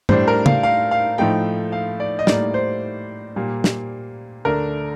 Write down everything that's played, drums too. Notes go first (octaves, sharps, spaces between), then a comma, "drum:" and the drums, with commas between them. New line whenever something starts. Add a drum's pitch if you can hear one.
A2 G3 D4 C5, drum: tom G2
A#4
F5, drum: tom
F5
F5
A2 F3 A3 D#4 G5
F5
D5
D#5
A2 G3 A#3 D#4 D5, drum: snare
C5
A#2 G3 A#3
drum: snare
D2 D3 A3 D4 A#4